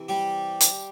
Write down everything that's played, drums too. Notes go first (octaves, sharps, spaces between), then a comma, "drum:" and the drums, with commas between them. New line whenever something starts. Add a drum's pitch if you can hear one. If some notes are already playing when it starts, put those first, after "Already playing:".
Already playing: C3 E3
G3 G4
drum: hi-hat